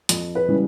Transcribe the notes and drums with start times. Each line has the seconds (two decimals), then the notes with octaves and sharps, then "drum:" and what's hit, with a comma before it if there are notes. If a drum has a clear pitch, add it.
0.09 F2, drum: hi-hat
0.35 B4
0.48 C#3 E3 G3